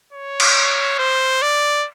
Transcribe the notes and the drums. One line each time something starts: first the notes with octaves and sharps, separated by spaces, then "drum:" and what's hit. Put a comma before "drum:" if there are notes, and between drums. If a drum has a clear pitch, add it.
C#5
drum: cymbal
C5
D5